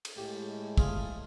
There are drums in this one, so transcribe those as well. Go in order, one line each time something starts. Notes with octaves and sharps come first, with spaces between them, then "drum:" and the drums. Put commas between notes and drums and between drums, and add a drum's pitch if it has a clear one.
drum: cymbal
A2 G#3 G4
F4 G#4 A4, drum: kick